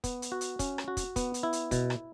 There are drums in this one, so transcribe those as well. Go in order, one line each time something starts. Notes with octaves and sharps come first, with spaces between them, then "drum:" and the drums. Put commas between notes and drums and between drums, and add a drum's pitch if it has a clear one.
B3, drum: kick, hi-hat
drum: hi-hat
F#4
drum: hi-hat
C#4, drum: kick, hi-hat
drum: rim click
F#4
drum: kick, hi-hat
B3, drum: kick, hi-hat
drum: hi-hat
E4
drum: hi-hat
B2, drum: kick, hi-hat
drum: rim click